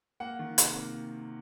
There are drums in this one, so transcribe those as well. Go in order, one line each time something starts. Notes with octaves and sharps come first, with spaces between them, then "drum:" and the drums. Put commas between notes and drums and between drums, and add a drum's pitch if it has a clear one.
A#3 F#5
D#3
C3, drum: hi-hat
A#3